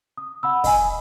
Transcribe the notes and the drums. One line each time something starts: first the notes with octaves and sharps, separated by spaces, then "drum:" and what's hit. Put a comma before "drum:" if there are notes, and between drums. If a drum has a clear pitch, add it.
D#6
F#5 B5 E6
D#5 G#5, drum: kick, open hi-hat